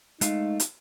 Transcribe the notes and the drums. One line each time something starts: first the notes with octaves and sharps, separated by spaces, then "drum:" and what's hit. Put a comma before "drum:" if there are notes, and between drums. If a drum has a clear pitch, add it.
G#3 A3 D#4 F5, drum: hi-hat
drum: hi-hat